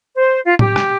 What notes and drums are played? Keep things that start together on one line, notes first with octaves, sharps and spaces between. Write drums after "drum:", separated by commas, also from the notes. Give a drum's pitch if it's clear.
C5
F4
G4, drum: tom
drum: rim click